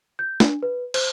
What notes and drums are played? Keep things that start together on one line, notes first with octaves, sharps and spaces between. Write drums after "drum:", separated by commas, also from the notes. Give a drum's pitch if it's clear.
G6
D4, drum: snare
B4
C5, drum: cymbal